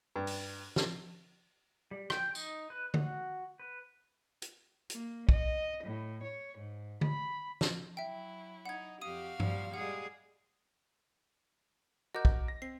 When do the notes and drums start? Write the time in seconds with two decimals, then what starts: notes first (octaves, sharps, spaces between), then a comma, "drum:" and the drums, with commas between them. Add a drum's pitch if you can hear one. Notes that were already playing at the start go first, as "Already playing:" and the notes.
0.16 G2
0.27 drum: open hi-hat
0.76 drum: snare
1.91 G3
2.10 G5, drum: rim click
2.35 D#4, drum: tambourine
2.70 B4
2.94 F#4, drum: tom D3
3.60 B4
4.42 drum: hi-hat
4.90 A#3, drum: hi-hat
5.29 D#5, drum: kick
5.82 A2
6.23 C#5
6.57 G#2
7.01 B5, drum: tom D3
7.61 drum: snare
7.97 F#3 E4 E5 G5
8.66 D#4 F#5 G#6
9.01 F2 F#4 G4 F5 D#6 D#7
9.40 A#2 F3 G3, drum: tom G2
9.74 G3 G#3 G#4 F#5
12.15 F#4 A#4 D#5 D6 G6
12.25 drum: kick
12.48 A#6
12.62 C4 C7